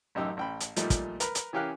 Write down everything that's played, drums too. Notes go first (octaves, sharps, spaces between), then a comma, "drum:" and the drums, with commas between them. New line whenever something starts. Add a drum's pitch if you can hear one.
A1 F#2 D#4 G4 E6
A1 G5 B5
drum: hi-hat
A#2 F3 G3 A3 D#4, drum: hi-hat
drum: kick, hi-hat
A#4 B4 A#5, drum: hi-hat
drum: hi-hat
E3 C#4 G4 A#4 F5 F#6